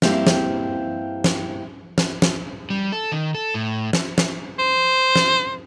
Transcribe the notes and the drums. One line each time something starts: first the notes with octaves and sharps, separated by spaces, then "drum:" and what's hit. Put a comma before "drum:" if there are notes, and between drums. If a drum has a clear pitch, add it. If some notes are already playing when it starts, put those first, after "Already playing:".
G2 A#3 C4 E4 G4 E5, drum: snare
drum: snare
drum: snare
drum: snare
drum: snare
G3
A4
D#3
A4
A2
drum: snare
drum: snare
C5
drum: snare